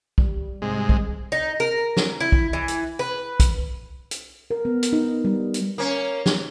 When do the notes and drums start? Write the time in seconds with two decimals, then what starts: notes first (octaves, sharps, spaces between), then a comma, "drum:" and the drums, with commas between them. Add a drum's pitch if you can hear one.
0.18 G3, drum: kick B1
0.62 G#2 C3 G#3
0.89 drum: kick B1
1.32 D#4
1.60 A#4
1.97 drum: snare
2.20 E4
2.32 drum: kick B1
2.53 E3
2.68 drum: hi-hat
2.99 B4
3.40 drum: kick B1, hi-hat
4.11 drum: hi-hat
4.51 A#4
4.65 B3
4.83 drum: hi-hat
4.93 D#4
5.25 G3
5.54 drum: hi-hat
5.78 A#3 C#4
6.26 drum: snare